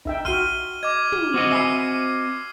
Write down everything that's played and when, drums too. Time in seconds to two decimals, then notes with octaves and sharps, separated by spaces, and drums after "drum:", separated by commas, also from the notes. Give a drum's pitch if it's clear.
0.05 D#4 E5 G5, drum: kick
0.25 F#4 C6 F6 D#7 G7, drum: kick
0.83 D#5 D6 G#6
1.12 drum: tom
1.34 C4 F#4 D#5
1.51 E5 G#5 B5 E6 C7